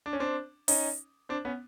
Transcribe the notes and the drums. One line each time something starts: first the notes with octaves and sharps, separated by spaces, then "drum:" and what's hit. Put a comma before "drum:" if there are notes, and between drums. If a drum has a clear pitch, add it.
D4
C#4
C4 D4
C#4 D#4, drum: open hi-hat
C4 D4
B3 C#4